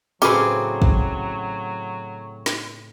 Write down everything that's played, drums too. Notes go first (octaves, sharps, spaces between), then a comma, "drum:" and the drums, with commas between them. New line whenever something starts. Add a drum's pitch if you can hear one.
A2 C#3 F#3 C4 C#4 F#4 B4 D6, drum: tambourine
drum: kick
drum: snare